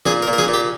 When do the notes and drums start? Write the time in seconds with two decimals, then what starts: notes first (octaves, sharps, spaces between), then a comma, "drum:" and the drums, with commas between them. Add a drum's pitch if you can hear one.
0.06 A#2 G#4, drum: snare
0.22 A#4
0.27 A#2
0.33 A#4
0.38 G#4, drum: snare
0.48 A#2
0.54 G4